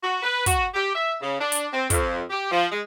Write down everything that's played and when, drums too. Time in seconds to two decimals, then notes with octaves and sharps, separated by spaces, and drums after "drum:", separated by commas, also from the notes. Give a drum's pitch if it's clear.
0.03 F#4
0.23 B4
0.46 F#4, drum: kick, hi-hat
0.74 G4
0.95 E5
1.22 C#3
1.40 D4
1.52 drum: hi-hat
1.72 C4
1.90 F2, drum: kick, hi-hat
2.30 G4
2.52 F3
2.71 G#3